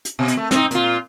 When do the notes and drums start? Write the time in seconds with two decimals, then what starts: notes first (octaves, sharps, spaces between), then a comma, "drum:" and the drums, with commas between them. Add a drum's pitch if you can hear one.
0.05 drum: hi-hat
0.19 B2
0.28 drum: hi-hat
0.37 A3
0.51 C4 D#4, drum: snare
0.71 A#2 F4, drum: hi-hat